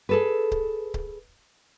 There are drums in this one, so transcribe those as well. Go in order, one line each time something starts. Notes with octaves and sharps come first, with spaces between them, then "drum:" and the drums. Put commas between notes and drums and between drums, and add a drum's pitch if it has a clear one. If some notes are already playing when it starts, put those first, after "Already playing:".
G#4 A4 B4
drum: kick C#1
drum: kick C#1